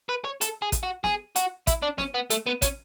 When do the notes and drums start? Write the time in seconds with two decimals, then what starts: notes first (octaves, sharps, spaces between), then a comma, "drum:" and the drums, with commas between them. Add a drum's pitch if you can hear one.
0.09 B4
0.25 C#5
0.41 A4, drum: hi-hat
0.62 G#4
0.72 drum: kick, hi-hat
0.83 F#4
1.04 G#4, drum: snare
1.36 F#4, drum: hi-hat
1.67 E4, drum: kick, hi-hat
1.83 D4
1.98 C#4, drum: snare
2.14 B3
2.30 A3, drum: hi-hat
2.46 B3
2.62 C#4, drum: kick, hi-hat